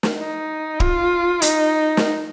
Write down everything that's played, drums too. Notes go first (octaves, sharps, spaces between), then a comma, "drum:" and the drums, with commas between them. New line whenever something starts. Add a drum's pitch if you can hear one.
drum: snare
D#4
F4, drum: kick
D#4, drum: hi-hat
drum: snare